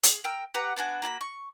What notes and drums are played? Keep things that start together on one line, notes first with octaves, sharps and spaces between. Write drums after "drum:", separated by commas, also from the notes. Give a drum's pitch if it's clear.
G#4, drum: hi-hat
A#4 G5 E6
G4 B4 F#5 A#5
B3 D4 F#4 G#5
A#3 F#4 G#5 B5
C#6